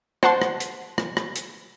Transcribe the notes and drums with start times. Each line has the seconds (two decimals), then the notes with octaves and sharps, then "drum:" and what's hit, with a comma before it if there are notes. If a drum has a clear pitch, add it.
0.23 C5 F#5 A5 C6, drum: rim click
0.42 drum: rim click
0.60 drum: hi-hat
0.98 drum: rim click
1.17 drum: rim click
1.36 drum: hi-hat